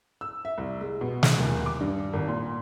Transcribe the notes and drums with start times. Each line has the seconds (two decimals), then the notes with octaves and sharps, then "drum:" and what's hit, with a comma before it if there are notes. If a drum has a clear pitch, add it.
0.21 E6
0.45 E5
0.58 C2
0.81 G#3
1.01 B2
1.23 drum: snare
1.39 D#1
1.66 D6
1.80 G2
2.13 G#1
2.28 A#2